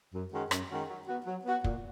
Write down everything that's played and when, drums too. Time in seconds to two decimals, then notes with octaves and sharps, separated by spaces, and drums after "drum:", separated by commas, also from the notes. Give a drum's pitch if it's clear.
0.14 F#2
0.33 D#3 G#3 C#4 F#4
0.51 F#2, drum: rim click
0.70 D#3 G#3 C#4 F#4
0.89 F#3
1.08 B3 F#4
1.26 F#3
1.45 B3 F#4
1.64 A#2, drum: kick